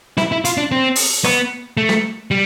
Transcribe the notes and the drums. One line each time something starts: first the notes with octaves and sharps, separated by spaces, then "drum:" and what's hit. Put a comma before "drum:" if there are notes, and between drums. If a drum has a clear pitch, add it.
E4, drum: snare
E4
F4, drum: hi-hat
D4
C4
drum: open hi-hat
B3, drum: rim click
A3
drum: snare
G3